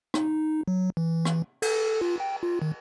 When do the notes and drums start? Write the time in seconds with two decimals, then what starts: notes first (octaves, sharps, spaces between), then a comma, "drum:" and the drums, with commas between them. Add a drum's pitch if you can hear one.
0.14 D#4, drum: rim click
0.68 F#3
0.97 E3
1.25 drum: rim click
1.62 A4, drum: cymbal
2.01 F4
2.20 G5
2.43 F4
2.62 D#3